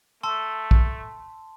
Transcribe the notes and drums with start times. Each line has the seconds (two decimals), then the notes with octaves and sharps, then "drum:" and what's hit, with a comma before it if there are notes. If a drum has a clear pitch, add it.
0.23 A3 A5 C6 E6
0.71 drum: kick